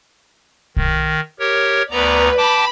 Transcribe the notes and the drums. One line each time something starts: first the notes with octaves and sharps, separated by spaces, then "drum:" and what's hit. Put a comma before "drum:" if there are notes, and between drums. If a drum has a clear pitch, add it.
D#3, drum: kick
G4 A#4 C#5
D2 B3 B4 D5 A#5
G5 A5 B5 D6